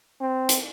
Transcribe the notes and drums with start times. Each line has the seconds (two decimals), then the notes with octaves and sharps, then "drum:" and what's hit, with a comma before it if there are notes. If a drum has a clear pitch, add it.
0.21 C4
0.49 drum: hi-hat